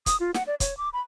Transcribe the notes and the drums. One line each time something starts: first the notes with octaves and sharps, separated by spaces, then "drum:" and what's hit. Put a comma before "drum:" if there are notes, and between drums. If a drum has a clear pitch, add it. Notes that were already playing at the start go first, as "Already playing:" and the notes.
D#6, drum: kick, hi-hat
F4
F#5, drum: snare
D5
C#5, drum: kick, hi-hat
D6
B5